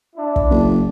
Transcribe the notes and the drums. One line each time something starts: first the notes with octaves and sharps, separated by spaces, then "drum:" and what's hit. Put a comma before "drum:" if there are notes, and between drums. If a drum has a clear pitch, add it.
D4 E4
drum: kick
F#1